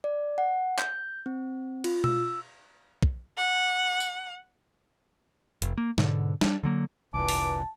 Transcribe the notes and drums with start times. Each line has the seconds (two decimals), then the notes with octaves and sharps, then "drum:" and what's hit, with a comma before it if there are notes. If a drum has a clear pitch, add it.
0.04 D5
0.38 F#5
0.79 G6, drum: clap
1.26 C4
1.84 F4, drum: cymbal
2.04 E6, drum: tom B2
3.03 drum: kick
3.37 F#5
4.00 drum: tambourine
5.62 F1, drum: hi-hat
5.78 A#3
5.98 G#2 B2 D3, drum: snare
6.41 G3 D4, drum: snare
6.63 D3 F#3 A#3
7.14 F1 C2 G2 A#2 E3 A5 D6
7.28 drum: open hi-hat